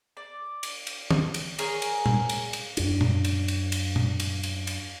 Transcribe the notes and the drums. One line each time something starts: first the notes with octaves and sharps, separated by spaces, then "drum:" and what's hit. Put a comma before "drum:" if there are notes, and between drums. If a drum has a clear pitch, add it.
D5
drum: cymbal
drum: cymbal
drum: tom
drum: cymbal
G#4 A#4 C#5, drum: cymbal
drum: cymbal
drum: tom A#2
drum: cymbal
drum: cymbal
F#2 D4, drum: cymbal
drum: tom A#2
drum: cymbal
drum: cymbal
drum: cymbal
drum: tom A#2
drum: cymbal
drum: cymbal
drum: cymbal